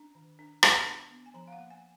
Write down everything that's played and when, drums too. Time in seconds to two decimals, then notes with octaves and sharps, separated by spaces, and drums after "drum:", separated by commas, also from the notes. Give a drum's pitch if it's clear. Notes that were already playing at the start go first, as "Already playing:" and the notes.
Already playing: D4 A#5
0.15 D#3
0.39 D4
0.63 B3, drum: rim click
0.86 D4
1.11 B3
1.26 G#5
1.34 F3 A#5
1.47 F5
1.53 F#5
1.58 A#3
1.70 G#5